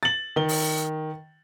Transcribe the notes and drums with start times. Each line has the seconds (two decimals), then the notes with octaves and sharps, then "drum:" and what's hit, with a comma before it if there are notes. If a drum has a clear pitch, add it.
0.03 A6 F#7
0.36 D#3 G7
0.49 drum: open hi-hat